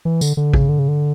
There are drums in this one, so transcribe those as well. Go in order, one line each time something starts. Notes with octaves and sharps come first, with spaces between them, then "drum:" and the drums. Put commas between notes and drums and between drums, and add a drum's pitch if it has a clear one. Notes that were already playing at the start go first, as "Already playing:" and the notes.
E3
D3, drum: tambourine
D3
C#3, drum: kick A1
D3
C#3
D3